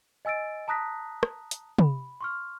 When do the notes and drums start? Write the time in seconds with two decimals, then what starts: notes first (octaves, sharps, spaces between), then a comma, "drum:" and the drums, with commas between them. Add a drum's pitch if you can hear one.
0.25 D#5 G#5 E6 A6 D7
0.68 A5 A#5 D#6 F#6 A#6 B6
1.23 drum: rim click
1.51 drum: hi-hat
1.79 B5, drum: tom
2.21 C6 C#6 F6